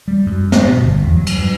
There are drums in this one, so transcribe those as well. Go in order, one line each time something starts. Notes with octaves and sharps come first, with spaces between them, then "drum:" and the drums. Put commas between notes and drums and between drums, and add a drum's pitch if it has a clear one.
G3
F#2
G2, drum: snare
B2
G1
E2
F#3
drum: cymbal
G2